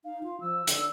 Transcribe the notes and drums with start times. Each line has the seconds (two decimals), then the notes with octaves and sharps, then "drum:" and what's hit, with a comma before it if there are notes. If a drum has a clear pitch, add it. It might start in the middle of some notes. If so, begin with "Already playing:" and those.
0.05 D#4 F5
0.23 F4
0.41 F3 E6
0.67 D3, drum: hi-hat